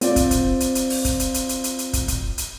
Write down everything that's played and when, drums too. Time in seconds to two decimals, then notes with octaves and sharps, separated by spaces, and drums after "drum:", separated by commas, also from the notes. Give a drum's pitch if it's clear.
0.01 C4 F4 C5 D5, drum: hi-hat
0.16 drum: kick, hi-hat
0.31 drum: kick, hi-hat
0.60 drum: hi-hat
0.75 drum: hi-hat
0.90 drum: open hi-hat
1.05 drum: kick, hi-hat
1.19 drum: hi-hat
1.34 drum: hi-hat
1.49 drum: hi-hat
1.64 drum: hi-hat
1.79 drum: hi-hat
1.93 drum: kick, hi-hat
2.08 drum: kick, hi-hat
2.38 drum: hi-hat